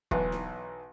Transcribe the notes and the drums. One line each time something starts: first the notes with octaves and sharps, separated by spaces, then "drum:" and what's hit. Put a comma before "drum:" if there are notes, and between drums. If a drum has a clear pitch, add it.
B1 E3, drum: kick
drum: snare D#4